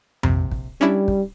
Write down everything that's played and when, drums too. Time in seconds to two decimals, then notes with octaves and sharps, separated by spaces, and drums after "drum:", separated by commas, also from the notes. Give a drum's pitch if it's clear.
0.23 A#1 C3, drum: tom F2
0.51 drum: kick
0.81 G3 C#4 D4 E4
1.08 drum: kick